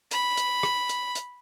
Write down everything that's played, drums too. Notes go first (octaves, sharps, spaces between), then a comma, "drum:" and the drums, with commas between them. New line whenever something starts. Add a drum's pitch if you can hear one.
B5, drum: hi-hat
drum: hi-hat
drum: rim click
drum: hi-hat
drum: hi-hat